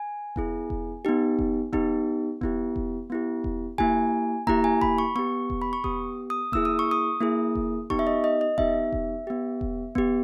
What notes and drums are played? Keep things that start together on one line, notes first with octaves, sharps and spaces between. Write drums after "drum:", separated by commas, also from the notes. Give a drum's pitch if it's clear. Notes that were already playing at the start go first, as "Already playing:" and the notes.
Already playing: G#5
B3 E4 G#4, drum: kick E1
drum: kick E1
B3 D#4 G4
drum: kick E1
B3 D#4 G4, drum: kick E1
B3 E4 G4, drum: kick E1
drum: kick E1
B3 E4 G4
drum: kick E1
A#3 E4 G4 G#5, drum: kick E1
A#3 E4 G4 A#5, drum: kick E1
G#5
B5, drum: kick E1
C#6
B3 G4 C#6
drum: kick E1
B5
C#6
B3 G4 D#6, drum: kick E1
D#6
A#3 E4 G#4 E6, drum: kick E1
D#6
C#6
D#6
A#3 E4 G#4
drum: kick E1
B3 D#4 G4 C#6, drum: kick E1
E5
D#5
D#5
D#5
B3 D#4 G4 E5, drum: kick E1
drum: kick E1
B3 G4
drum: kick E1
B3 G4, drum: kick E1